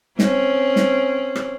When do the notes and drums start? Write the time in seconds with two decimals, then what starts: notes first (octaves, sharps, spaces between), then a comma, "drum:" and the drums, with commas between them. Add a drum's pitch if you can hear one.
0.19 C4 C#4, drum: snare
0.76 drum: snare
1.36 drum: rim click